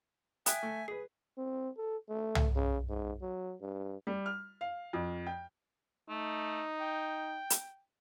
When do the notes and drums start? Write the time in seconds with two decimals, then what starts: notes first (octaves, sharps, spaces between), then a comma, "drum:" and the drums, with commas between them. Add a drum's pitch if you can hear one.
0.46 E5 G5 G#5 D#6 F#6 D7, drum: hi-hat
0.63 A3
0.88 G#4 B4 C7
1.38 C4
1.77 A4
2.09 A3
2.35 drum: tom C2
2.56 C#3
2.89 G#2
3.22 F#3
3.61 G2
4.07 G3
4.26 F6
4.61 F5
4.93 F2
5.26 G5
6.09 A3 D#4
6.80 G5
7.50 drum: hi-hat